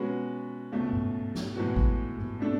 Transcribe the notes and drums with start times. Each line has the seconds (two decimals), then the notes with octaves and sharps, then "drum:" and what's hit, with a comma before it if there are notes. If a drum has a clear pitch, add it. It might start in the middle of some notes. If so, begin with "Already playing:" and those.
Already playing: B2 G#3 C#4 F#4 B4
0.72 C#2 B2 A3
0.93 drum: tom G#2
1.35 drum: snare
1.56 A2 E3 G#3 B3 F#4
1.76 drum: kick G#1
2.18 drum: tom G#2
2.39 B2 A3 D4 A4